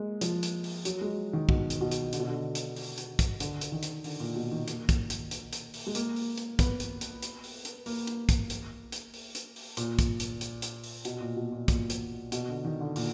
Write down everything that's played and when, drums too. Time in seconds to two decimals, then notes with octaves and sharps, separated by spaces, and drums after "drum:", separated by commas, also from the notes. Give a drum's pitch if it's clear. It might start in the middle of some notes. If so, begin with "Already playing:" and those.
Already playing: G#3 A#3
0.21 F3, drum: hi-hat
0.43 drum: hi-hat
0.64 drum: open hi-hat
0.85 F#3, drum: hi-hat
1.01 G#3
1.33 D#3
1.49 B2, drum: kick
1.70 drum: hi-hat
1.81 B2
1.91 drum: hi-hat
2.13 D3, drum: hi-hat
2.20 B2
2.28 D3
2.55 drum: hi-hat
2.76 drum: open hi-hat
2.98 drum: hi-hat
3.19 drum: kick, hi-hat
3.40 D3, drum: hi-hat
3.61 drum: hi-hat
3.72 D#3
3.83 drum: hi-hat
4.04 D3, drum: open hi-hat
4.20 A#2
4.35 B2
4.52 D#3
4.68 A#3, drum: hi-hat
4.89 drum: kick, hi-hat
5.10 drum: hi-hat
5.31 drum: hi-hat
5.53 drum: hi-hat
5.74 drum: open hi-hat
5.87 G#3
5.95 A#3, drum: hi-hat
6.16 drum: open hi-hat
6.38 drum: hi-hat
6.59 B3, drum: kick, hi-hat
6.80 drum: hi-hat
7.01 drum: hi-hat
7.22 drum: hi-hat
7.44 drum: open hi-hat
7.65 drum: hi-hat
7.86 A#3, drum: open hi-hat
8.07 drum: hi-hat
8.29 drum: kick, hi-hat
8.50 drum: hi-hat
8.92 drum: hi-hat
9.14 drum: open hi-hat
9.35 drum: hi-hat
9.56 drum: open hi-hat
9.77 A#2, drum: hi-hat
9.99 drum: kick, hi-hat
10.20 drum: hi-hat
10.41 drum: hi-hat
10.62 drum: hi-hat
10.84 drum: open hi-hat
11.05 B2, drum: hi-hat
11.21 A#2
11.36 B2
11.52 A#2
11.68 A#2, drum: kick, hi-hat
11.90 drum: hi-hat
12.32 B2, drum: hi-hat
12.48 D3
12.65 D#3
12.80 D3
12.96 A#2, drum: open hi-hat